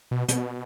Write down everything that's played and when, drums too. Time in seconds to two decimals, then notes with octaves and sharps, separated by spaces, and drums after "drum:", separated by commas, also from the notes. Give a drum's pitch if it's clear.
0.11 B2
0.28 B2, drum: hi-hat